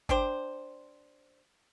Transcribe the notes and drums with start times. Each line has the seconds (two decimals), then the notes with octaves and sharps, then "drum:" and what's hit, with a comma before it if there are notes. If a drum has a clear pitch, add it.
0.09 D4 G4 C5, drum: kick G1